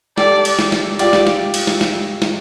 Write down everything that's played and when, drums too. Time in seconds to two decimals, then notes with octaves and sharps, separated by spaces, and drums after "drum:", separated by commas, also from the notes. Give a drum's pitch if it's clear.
0.18 G4 A4 D5, drum: snare
0.45 drum: cymbal
0.59 drum: snare
0.72 drum: snare
0.99 F4 G4 D5, drum: cymbal
1.13 drum: snare
1.27 drum: snare
1.54 drum: cymbal
1.67 drum: snare
1.81 drum: snare
2.22 drum: snare